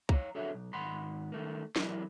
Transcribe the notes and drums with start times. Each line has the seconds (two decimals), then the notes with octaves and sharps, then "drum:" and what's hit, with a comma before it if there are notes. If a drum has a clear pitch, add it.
0.09 C#5 F5 A#5, drum: kick
0.35 D4 F#4 G#4 A4 C#5 E5
0.54 B1
0.73 G#2 D#3 F#5 B5 C6
1.32 D#3 A3 A#3
1.76 E3 F#3 E4 G4 A#4 D5, drum: snare